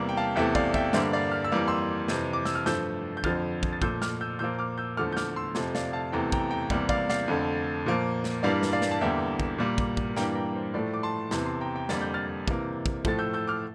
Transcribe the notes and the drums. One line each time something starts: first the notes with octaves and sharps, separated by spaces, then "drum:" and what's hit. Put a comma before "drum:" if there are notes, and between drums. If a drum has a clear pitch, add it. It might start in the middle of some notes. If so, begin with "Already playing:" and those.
Already playing: E2 C3 G3 A#3
G5
F5 A5
E2 C3 E3 A3 E5 G5
D5 F5, drum: kick
E5 G5, drum: kick
G2 D3 G3 A#3 C5 E5, drum: snare
D5 F5
F6
E6
F2 E3 G3 A#3 D6
C6 E6
F2 C3 E3, drum: snare
D6
E6, drum: snare
F6
G2 F3 A3 E6 G6, drum: snare
G6
F2 D3 F3 F6 A6, drum: kick
drum: kick
A6
A#2 F3 A3 E6 G6, drum: kick
D6 F6, drum: snare
E6 G6
A#2 F3 A#3 E6 G6
D6 F6
E6 G6
E2 D3 F3 A3 D6 F6
G6
D6 F6, drum: snare
C6 E6
F2 C3 F3 A3, drum: snare
D5 F5, drum: snare
F5 A5
E2 C3 E3 A3 G5 A#5
G5 A#5, drum: kick
G5 A#5
E2 C3 G3 A#3, drum: kick
D5 F5, drum: kick
D5 F5, drum: snare
F2 D3 A3
A#2 F3 A#3
drum: snare
G2 E3 G3 A#3 D5 F5
drum: snare
D5 F5
drum: snare
A5
E2 D3 G3 A#3 E5 G5
drum: kick
A#2 G3 A#3
drum: kick
drum: kick
G2 E3 G3 A#3 G5 A#5, drum: snare
G5 A#5
C5
A2 F3 A3 D5
D6
A5 C6
E2 C3 E3 A5 C6, drum: snare
A5 C6
G5 A#5
G5 A#5
F2 D3 G3 A#3 A6, drum: snare
G6
F6 A6
C3 E3 A#3, drum: kick
drum: kick
A2 F3 A3 A6, drum: kick
E6 G6
E6 G6
D6 F6